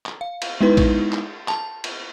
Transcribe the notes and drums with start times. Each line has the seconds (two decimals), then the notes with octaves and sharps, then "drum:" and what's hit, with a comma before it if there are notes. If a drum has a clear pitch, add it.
0.06 drum: clap
0.21 F5
0.42 drum: cymbal
0.61 G#3 B3 D#4 E4 B4 C6
0.77 drum: kick, cymbal
1.13 drum: clap
1.48 A5, drum: clap
1.84 drum: cymbal